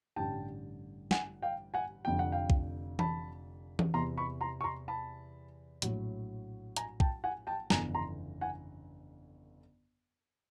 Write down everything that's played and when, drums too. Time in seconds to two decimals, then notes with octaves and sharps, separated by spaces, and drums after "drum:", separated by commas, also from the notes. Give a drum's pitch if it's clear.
0.16 A1 G2 D3 G3 G5 A5
1.11 F#5 G#5, drum: snare
1.42 F5 G5
1.74 F#5 G#5
2.05 F1 F2 D3 F3 G5
2.19 F#5
2.32 F5 G5
2.50 drum: kick
2.99 A5 B5, drum: tom E3
3.79 drum: tom E3
3.94 E2 C3 E3 A#5 C6
4.17 B5 C#6
4.41 A#5 C6
4.61 C#6
4.64 A#5 C6
4.88 A5 B5
5.82 A#1 A2 F#3, drum: hi-hat
6.76 G#5 A#5, drum: hi-hat
7.00 G5 A5, drum: kick
7.24 F#5 G#5
7.47 G5 A5
7.70 G1 F2 C#3 E3 G#5 A#5, drum: snare
7.95 A#5 C6
8.41 F#5 G#5